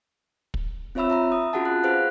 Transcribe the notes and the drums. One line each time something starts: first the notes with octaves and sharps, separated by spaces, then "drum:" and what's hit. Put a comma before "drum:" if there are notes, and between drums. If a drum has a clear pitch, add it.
drum: kick
C4 F4 C#5 E5 B5 E6
E5 A#5 B5
D#6
C#4 F4 F#4 G#4 F#5 A5
F#6
G#4 B4 C5 F5 F#5 F#6